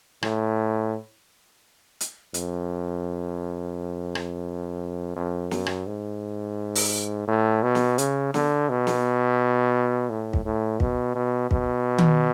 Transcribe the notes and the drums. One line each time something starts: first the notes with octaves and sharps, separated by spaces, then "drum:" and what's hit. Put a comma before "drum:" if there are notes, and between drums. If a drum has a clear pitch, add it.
A2, drum: rim click
drum: hi-hat
F2, drum: hi-hat
drum: rim click
F2
F#2, drum: snare
drum: rim click
G#2
drum: open hi-hat
A2
B2
drum: snare
C#3, drum: hi-hat
D3, drum: snare
B2
drum: snare
A2
drum: kick
A2
B2, drum: kick
B2
B2, drum: kick
drum: tom D#3